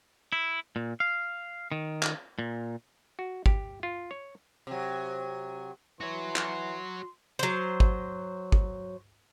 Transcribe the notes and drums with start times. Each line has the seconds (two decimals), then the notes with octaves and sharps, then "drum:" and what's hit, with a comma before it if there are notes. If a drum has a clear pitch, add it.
0.32 E4
0.76 A#2
1.00 F5
1.72 D#3
2.03 drum: clap
2.39 A#2
3.19 F#4
3.46 G4, drum: kick
3.83 F4
4.11 C#5
4.67 C3 F#3
6.00 E3 F#4 C#5 C6
6.36 drum: clap
7.39 F#3 C5
7.80 drum: kick
8.52 drum: kick